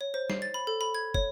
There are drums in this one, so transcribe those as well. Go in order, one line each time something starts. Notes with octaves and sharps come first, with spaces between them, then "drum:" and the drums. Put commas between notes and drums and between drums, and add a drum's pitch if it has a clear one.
C#5
C5
C7, drum: snare
A6
B5
A4
B5
G#6
C#5, drum: kick